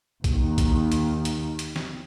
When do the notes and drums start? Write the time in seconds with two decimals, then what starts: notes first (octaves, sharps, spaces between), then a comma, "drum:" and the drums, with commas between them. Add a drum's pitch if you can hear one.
0.24 D#2 D#3, drum: kick A#1, hi-hat
0.58 drum: kick A#1, hi-hat
0.92 drum: hi-hat
1.25 drum: hi-hat
1.59 drum: hi-hat
1.76 drum: snare